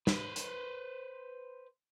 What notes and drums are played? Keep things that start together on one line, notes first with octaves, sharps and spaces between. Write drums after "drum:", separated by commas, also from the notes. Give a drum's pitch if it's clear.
B4 C5, drum: snare
drum: hi-hat